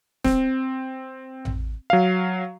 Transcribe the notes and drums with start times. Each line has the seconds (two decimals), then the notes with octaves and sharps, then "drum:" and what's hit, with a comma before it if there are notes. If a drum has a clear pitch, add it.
0.24 C4, drum: snare
1.45 drum: tom A1
1.90 F#3 F5